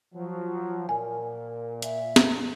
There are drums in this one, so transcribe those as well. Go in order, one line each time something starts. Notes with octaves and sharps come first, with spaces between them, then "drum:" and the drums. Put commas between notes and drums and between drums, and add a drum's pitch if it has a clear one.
F3 F#3
A#2 A#4 G#5
E5, drum: hi-hat
drum: snare